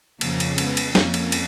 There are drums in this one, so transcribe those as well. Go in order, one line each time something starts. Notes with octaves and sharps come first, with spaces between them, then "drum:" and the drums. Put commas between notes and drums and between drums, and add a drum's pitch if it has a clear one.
F2 C#3 F3 A#3, drum: cymbal
drum: cymbal
G#3 B3, drum: cymbal
drum: cymbal
F2 F3 G#3 A#3 C#4, drum: snare
drum: cymbal
drum: cymbal